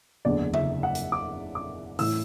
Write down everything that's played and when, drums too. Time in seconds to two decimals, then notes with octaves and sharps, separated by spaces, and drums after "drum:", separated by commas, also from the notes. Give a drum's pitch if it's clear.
0.25 F#1 E2 D3 D5
0.54 E5, drum: tom C#3
0.83 F#5
0.95 drum: hi-hat
1.12 D6
1.55 D6
1.99 A2 E3 E6, drum: open hi-hat